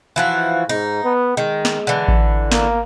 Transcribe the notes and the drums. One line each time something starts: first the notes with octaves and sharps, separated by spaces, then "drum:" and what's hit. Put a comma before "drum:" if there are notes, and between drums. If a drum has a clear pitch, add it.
E3 F3 F#4
G#2 D#4
B3
D#3 G#3
drum: snare
D3 E3
drum: kick A1
A#3, drum: snare